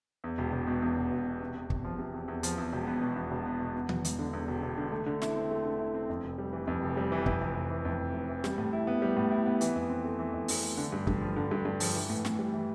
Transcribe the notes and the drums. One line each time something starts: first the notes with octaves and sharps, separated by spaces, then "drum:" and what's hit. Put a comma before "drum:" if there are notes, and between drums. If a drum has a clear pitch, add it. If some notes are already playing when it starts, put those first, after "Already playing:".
E2
E1
E1
B2
E2
E1
E1
B2
C3
E2
E2, drum: kick
F3
C3
E2
E2
F3, drum: hi-hat
E2
E1
B3
B2
E2
E1
B3
B2
E2
E1, drum: tom D#3
E1, drum: hi-hat
D3
E2
E1
E1
D3
A3
D3
E4, drum: snare
C4
A3
D3
E4
C4
F2
F1
G3
E3
F2
F1
G3
E3
F2, drum: kick
F1
F1
E3
F2
F1
F1
E3
G3, drum: snare
A2
E4
B3
G3
A2
E4
B3
E3, drum: hi-hat
F2
C4
A3
E3
F2
C4, drum: open hi-hat
A3
D3
G2
G2, drum: kick
F3
D3
G2
G2
F3, drum: open hi-hat
E3
A2
A2, drum: snare
G3
E3